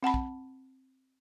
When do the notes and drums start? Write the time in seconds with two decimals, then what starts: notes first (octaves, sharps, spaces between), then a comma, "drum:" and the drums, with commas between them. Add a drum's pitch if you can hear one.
0.03 C4 F#5 A5 B5
0.14 drum: kick